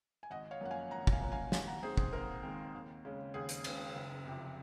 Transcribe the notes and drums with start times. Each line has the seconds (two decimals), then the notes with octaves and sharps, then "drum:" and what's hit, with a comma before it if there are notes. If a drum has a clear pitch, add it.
0.23 G#5
0.30 G#1 D#5 F#5
0.51 C#5 F5
0.61 F#2 F3 A#3 C#4 F#5
0.71 F5 G#5
0.91 G#1 F#5 A#5
1.07 A#5, drum: kick
1.12 F5 G#5
1.21 F#2 F3 A#3 C#4
1.32 F5 G#5
1.52 D#2 F5 G#5, drum: snare
1.67 F#5 A#5
1.83 D#3 G#3 C4 G#4 C5
1.97 G#4, drum: kick
2.13 D#2 A#4
2.43 D#3 G#3 C4
2.74 D#2
3.05 C#3 G#3 C#4
3.34 D#2 G#4
3.49 drum: hi-hat
3.64 C#3 G#3 C#4, drum: cymbal
3.96 F#1
4.26 F2 C3